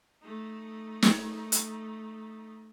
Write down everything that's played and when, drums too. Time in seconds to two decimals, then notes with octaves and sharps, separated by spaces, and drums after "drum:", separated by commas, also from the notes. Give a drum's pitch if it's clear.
0.22 A3 D#4
1.02 drum: snare
1.52 drum: hi-hat